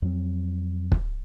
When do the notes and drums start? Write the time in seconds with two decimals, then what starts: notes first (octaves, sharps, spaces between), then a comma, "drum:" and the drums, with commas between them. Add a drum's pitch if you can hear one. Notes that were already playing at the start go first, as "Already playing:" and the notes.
0.02 F2 F#3 C4
0.92 drum: kick